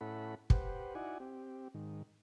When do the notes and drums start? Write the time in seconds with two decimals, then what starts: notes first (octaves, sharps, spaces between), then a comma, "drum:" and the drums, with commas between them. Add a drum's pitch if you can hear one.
0.01 A2 C#4 E4 A4 F#5 B5
0.50 G4 B4 C5 F#5, drum: kick
0.95 D#4 E4 F#4 D5 F#5 G#5
1.20 C4 G4
1.74 G#2 D#3